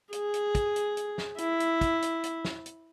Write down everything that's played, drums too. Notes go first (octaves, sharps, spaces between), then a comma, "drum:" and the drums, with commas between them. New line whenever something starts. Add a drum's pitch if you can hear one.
G#4, drum: hi-hat
drum: hi-hat
drum: kick, hi-hat
drum: hi-hat
drum: hi-hat
drum: snare
E4, drum: hi-hat
drum: hi-hat
drum: kick, hi-hat
drum: hi-hat
drum: hi-hat
drum: snare
drum: hi-hat